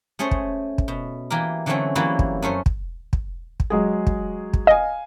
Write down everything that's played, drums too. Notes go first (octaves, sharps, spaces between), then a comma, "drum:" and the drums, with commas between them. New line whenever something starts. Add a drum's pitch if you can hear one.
A3 C#4 G#4 C5 C#5
drum: kick
drum: kick
B2
E3 A#3 G4 A#4
D3 E3 F#3 A3 C4 C#4
E3 F#3 G3 A#3 E4 F#4
drum: kick
F#2 A3 C#4 C5
drum: kick
drum: kick
drum: kick
F#3 G#3 G#4
drum: kick
drum: kick
D#5 F5 G#5